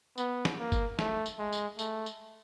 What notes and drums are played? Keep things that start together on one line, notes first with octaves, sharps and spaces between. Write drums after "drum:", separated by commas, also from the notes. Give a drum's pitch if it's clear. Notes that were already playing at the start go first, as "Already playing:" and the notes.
B3, drum: tambourine
drum: snare
A#3
drum: kick G1, tambourine
A3, drum: snare
drum: tambourine
G#3
drum: tambourine
A3, drum: tambourine
drum: tambourine